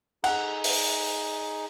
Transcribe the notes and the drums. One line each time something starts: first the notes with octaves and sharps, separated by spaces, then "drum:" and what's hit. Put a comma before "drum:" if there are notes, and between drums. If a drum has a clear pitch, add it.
D#4 G#4 F#5, drum: cymbal
drum: open hi-hat